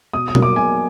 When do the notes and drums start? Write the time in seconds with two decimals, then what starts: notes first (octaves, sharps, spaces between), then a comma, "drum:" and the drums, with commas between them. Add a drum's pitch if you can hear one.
0.13 B2 D#6
0.28 D#6
0.35 F#3 A#3, drum: tom B2
0.42 D6
0.56 B2 G#5